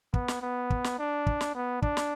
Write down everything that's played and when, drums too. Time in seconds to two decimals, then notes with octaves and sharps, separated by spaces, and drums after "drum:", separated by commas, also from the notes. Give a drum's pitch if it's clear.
0.14 B3, drum: kick
0.28 drum: snare
0.42 B3
0.70 drum: kick
0.84 drum: snare
0.99 D4
1.27 drum: kick
1.41 drum: snare
1.55 B3
1.82 D4, drum: kick
1.97 drum: snare